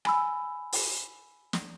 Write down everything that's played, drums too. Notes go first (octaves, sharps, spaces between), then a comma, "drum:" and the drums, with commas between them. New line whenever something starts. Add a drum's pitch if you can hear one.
G#5 B5 E6, drum: rim click
drum: open hi-hat
drum: snare